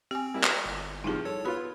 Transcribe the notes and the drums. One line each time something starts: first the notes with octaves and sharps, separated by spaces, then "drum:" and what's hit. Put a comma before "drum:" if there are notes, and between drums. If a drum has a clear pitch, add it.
C4 G4 G#5
G3 A#3 E4
drum: clap
G1
G2 C3 F3 D#4 E4 G#4
A4 C#5
B3 F4 F#4 B5